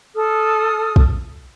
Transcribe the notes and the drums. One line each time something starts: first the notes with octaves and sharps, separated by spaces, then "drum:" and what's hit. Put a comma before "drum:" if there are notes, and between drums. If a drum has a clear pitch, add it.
A4 D#6 F6
drum: kick